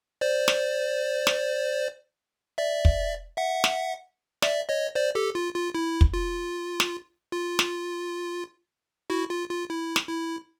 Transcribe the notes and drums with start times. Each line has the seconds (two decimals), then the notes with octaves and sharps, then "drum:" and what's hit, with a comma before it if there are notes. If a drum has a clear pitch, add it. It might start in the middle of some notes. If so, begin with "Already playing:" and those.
0.21 C5 D5
0.48 drum: snare
1.27 drum: snare
2.58 D5 E5
2.85 drum: kick
3.37 E5 F#5
3.64 drum: snare
4.42 D5 E5, drum: snare
4.69 C#5 D#5
4.95 C5 D5
5.15 G4 A4
5.35 F4
5.55 F4
5.75 E4
6.01 drum: kick
6.14 F4
6.80 drum: snare
7.32 F4
7.59 drum: snare
9.10 E4 F#4
9.30 F4
9.50 F4
9.70 E4
9.96 drum: snare
10.09 E4